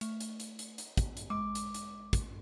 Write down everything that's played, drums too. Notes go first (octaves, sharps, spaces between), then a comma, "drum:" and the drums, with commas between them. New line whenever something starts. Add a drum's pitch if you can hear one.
A3, drum: hi-hat
drum: hi-hat
drum: hi-hat
drum: hi-hat
drum: hi-hat
drum: kick, hi-hat
drum: hi-hat
G#3 D6
drum: hi-hat
drum: hi-hat
drum: kick, hi-hat